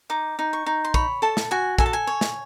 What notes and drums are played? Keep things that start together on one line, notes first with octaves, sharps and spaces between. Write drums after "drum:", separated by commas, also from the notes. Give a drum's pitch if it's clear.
D#4 D6
D#4
C#6
D#4
C6
C#5 B5, drum: kick
A4 A5
drum: snare
F#4 G#5
A4 G#5, drum: kick
A5
G#5
C#5
drum: snare